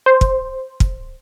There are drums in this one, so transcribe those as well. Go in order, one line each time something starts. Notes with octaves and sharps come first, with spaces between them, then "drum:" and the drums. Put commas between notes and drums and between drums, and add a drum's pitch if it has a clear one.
C5
drum: kick
drum: kick